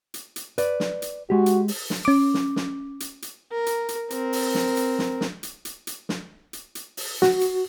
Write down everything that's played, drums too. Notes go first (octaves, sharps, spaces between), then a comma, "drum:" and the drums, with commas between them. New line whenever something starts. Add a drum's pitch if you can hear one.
drum: hi-hat
drum: hi-hat
B4 D5, drum: hi-hat
drum: snare
drum: hi-hat
G#3 F#4 G4
drum: hi-hat
drum: open hi-hat
drum: snare
C#4 D6
drum: snare
drum: snare
drum: hi-hat
drum: hi-hat
A#4
drum: hi-hat
drum: hi-hat
C4 A#4, drum: hi-hat
drum: open hi-hat
drum: snare
drum: hi-hat
drum: snare
drum: snare
drum: hi-hat
drum: hi-hat
drum: hi-hat
drum: snare
drum: hi-hat
drum: hi-hat
drum: open hi-hat
F#4, drum: snare
drum: hi-hat